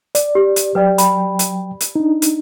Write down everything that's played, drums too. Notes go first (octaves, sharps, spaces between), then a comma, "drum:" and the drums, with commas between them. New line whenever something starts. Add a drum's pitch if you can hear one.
D5, drum: hi-hat
G4
drum: hi-hat
F#3 B4 D5 G5
B5, drum: hi-hat
drum: hi-hat
drum: hi-hat
D4 D#4
drum: hi-hat